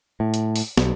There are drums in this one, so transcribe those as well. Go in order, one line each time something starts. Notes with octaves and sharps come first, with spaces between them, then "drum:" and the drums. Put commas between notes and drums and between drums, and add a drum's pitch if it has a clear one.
A2
drum: hi-hat
drum: open hi-hat
B1, drum: snare